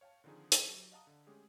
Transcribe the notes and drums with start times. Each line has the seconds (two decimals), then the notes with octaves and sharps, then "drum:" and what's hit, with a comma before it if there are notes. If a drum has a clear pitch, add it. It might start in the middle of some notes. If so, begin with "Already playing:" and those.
0.01 C#5 F5 G5 A5
0.24 D3 D#3 F3 C4 D#4 G#4
0.52 drum: hi-hat
0.69 F#3 G4 C#6 D7
0.92 D#5 F5 F#5 A5 A#5 D#6
1.07 D3
1.27 G#3 A3 C#4 G4 G#4